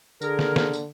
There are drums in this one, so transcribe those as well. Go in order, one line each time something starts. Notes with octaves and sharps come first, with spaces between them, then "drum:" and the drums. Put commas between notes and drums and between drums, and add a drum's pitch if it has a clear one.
D3 G#4 A#4, drum: tambourine
drum: snare
drum: snare
drum: tambourine